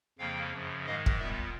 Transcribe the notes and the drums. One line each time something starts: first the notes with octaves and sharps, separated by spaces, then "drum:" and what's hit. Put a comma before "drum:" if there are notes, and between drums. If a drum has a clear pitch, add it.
F2 C#3 F3 A#3 F5 G5
F#2 C#3 F3
G#2 D#3 G#3 D#5 F5
drum: kick
A#2 G3 B3 D5 E5